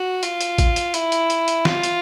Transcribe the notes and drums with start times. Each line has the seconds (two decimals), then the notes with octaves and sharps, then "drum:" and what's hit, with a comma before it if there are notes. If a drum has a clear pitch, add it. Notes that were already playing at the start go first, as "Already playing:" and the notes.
Already playing: F#4
0.23 F4, drum: hi-hat
0.41 drum: hi-hat
0.58 drum: kick, hi-hat
0.76 drum: hi-hat
0.94 E4, drum: hi-hat
1.12 drum: hi-hat
1.30 drum: hi-hat
1.48 drum: hi-hat
1.65 F4, drum: snare
1.83 drum: hi-hat